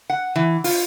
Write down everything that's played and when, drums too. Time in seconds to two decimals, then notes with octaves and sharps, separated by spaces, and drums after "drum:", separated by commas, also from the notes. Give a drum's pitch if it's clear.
0.10 F#5
0.36 E3
0.64 F4, drum: open hi-hat